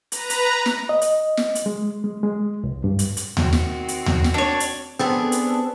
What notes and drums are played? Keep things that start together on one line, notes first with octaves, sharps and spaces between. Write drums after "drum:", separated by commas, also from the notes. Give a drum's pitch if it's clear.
B4 A#5, drum: hi-hat
drum: hi-hat
drum: snare
D#5
drum: hi-hat
drum: snare
drum: hi-hat
G#3
G#3
G#3
C2
G2
drum: hi-hat
drum: hi-hat
D#3 C4 F#4, drum: tom D#2
drum: snare
drum: hi-hat
drum: tom D#2
drum: snare
D4 C#5
drum: hi-hat
B3 C4 D4 G#4 A4 B4
drum: hi-hat